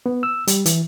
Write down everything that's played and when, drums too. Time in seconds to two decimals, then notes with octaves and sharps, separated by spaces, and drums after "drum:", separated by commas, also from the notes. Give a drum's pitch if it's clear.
0.06 B3
0.23 E6
0.47 G3, drum: hi-hat
0.66 E3, drum: hi-hat